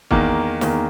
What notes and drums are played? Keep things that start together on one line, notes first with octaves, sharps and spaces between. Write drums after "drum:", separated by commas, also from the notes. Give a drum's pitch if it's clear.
E2 D#3 A#3, drum: kick
E2 D#3 A#3, drum: snare